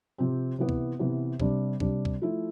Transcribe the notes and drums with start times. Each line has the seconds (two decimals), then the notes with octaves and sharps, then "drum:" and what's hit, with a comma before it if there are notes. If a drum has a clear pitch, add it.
0.18 C3 F3 C4 G4
0.58 C3 E3 B3
0.69 drum: kick C#2
0.99 C3 E3 B3
1.40 C3 G3 D4, drum: kick C#2
1.80 C3 G3 D4, drum: kick C#2
2.05 drum: kick C#2
2.22 F3 A3 E4